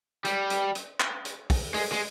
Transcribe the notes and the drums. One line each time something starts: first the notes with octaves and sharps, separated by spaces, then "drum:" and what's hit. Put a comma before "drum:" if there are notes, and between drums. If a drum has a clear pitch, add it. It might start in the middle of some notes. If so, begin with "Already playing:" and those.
G3, drum: hi-hat
drum: hi-hat
drum: hi-hat
drum: clap
drum: hi-hat
drum: kick, open hi-hat
G#3, drum: open hi-hat
G#3